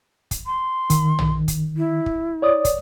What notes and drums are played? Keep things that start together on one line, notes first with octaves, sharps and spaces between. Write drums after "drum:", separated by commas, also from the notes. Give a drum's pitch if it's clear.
drum: kick, hi-hat
C6
D#3, drum: kick, hi-hat
drum: tom
drum: kick, hi-hat
E4
drum: kick
C#5 D5 D#6
drum: kick, hi-hat